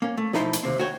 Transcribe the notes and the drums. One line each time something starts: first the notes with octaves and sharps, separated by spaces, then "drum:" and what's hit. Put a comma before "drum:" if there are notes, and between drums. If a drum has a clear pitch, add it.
A#3 C#4
A3
B1 F3 D#4 E4 C6, drum: snare
drum: hi-hat
D#2 G#2 C3 C4
D#2 F#4 C#5 G5